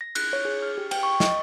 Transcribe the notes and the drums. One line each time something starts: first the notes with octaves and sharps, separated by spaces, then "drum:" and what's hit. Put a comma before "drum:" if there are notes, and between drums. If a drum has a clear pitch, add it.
A#6
F#6, drum: cymbal
C#5
G#4
F6
G4
G5, drum: cymbal
C#6
D#5, drum: snare